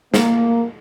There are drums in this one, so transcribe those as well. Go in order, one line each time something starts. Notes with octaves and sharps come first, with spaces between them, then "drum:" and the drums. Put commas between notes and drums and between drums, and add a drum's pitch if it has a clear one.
A#3, drum: snare